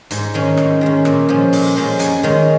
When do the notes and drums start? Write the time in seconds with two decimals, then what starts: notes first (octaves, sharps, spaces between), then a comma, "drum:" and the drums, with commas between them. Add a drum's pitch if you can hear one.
0.11 G#2, drum: hi-hat
0.34 D#3 G#3 C#4
0.57 G#2, drum: rim click
0.81 D#3 G#3 C#4
1.05 A#2, drum: rim click
1.29 F3 G#3 C#4
1.53 A#2, drum: open hi-hat
1.76 F3 G#3 C#4
1.99 F#2 G#5, drum: hi-hat
2.23 D#3 G#3 C#4